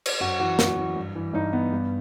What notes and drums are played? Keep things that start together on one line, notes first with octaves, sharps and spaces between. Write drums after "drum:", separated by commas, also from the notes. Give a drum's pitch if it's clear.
drum: cymbal
F#2 F#4
E3 F#4
F#2, drum: snare
E3
G2
E3
G2 D#4
E3 B3
G2